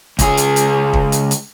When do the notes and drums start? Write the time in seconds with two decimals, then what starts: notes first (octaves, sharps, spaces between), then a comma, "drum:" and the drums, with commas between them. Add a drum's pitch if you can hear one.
0.19 C#2 G#4, drum: kick, hi-hat
0.37 drum: hi-hat
0.56 drum: hi-hat
0.93 drum: kick
1.12 drum: hi-hat
1.31 drum: hi-hat